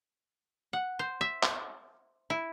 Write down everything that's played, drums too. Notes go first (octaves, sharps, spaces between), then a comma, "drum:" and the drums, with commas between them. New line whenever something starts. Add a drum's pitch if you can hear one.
F#5
C5
E5
drum: clap
E4